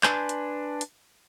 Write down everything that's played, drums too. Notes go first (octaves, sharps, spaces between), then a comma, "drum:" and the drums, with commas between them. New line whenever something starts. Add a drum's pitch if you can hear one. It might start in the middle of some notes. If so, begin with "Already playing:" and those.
D4 B4 G#5 C6 G6, drum: clap
drum: hi-hat
drum: hi-hat